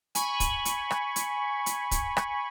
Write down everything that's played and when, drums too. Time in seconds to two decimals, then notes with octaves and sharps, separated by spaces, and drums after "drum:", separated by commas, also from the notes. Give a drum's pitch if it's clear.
0.15 G#5 B5 C#6, drum: hi-hat
0.40 drum: kick, hi-hat
0.65 drum: hi-hat
0.91 drum: rim click
1.16 drum: hi-hat
1.66 drum: hi-hat
1.91 drum: kick, hi-hat
2.17 drum: rim click